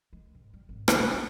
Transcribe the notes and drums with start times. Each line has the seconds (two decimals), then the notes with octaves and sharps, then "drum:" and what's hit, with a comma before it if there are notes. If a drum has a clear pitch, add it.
0.13 G#3
0.35 G#2
0.54 G3
0.69 G#1
0.88 C3, drum: rim click
1.00 A#2
1.14 F3